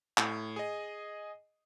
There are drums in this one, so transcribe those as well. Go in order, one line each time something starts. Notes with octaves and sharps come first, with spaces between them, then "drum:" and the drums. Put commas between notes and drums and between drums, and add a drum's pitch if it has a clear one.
A2, drum: clap
G#4 D#5